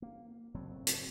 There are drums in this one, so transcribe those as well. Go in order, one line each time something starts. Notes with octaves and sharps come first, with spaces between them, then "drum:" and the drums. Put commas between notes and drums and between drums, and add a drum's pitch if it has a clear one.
A#3
F#1 A2 F#3 C4
drum: hi-hat